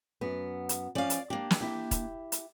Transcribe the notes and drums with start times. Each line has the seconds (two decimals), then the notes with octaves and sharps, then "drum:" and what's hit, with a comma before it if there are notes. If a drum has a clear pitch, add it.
0.21 F#2 B3
0.69 drum: hi-hat
0.95 F3 C#4 D5 F5
1.10 drum: hi-hat
1.30 A#3 D4 G4
1.51 drum: snare
1.61 E4 G4
1.91 drum: kick, hi-hat
2.32 drum: hi-hat